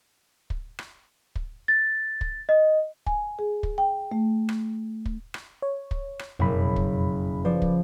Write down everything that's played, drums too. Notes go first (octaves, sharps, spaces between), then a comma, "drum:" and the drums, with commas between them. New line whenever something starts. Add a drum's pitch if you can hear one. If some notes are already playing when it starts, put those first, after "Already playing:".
drum: kick
drum: rim click
drum: kick
A6
drum: kick
D#5
G#5, drum: kick
G#4
drum: kick
G5
A3
drum: rim click
drum: kick
drum: rim click
C#5
drum: kick
drum: rim click
F#1 F2 B2 B5
drum: kick
F3 B4 D5
drum: kick